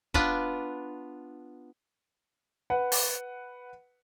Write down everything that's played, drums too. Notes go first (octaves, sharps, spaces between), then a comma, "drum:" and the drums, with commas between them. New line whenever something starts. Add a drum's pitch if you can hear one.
B3 D4 F4 B4, drum: kick
B4 F#5
drum: open hi-hat